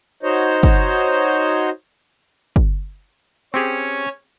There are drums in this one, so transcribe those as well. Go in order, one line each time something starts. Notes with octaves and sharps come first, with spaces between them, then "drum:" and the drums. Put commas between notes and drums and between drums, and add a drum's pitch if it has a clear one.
D#4 F#4 C5 C#5 D#5
drum: kick
drum: kick
C4 C#4 G4 G#4 C#5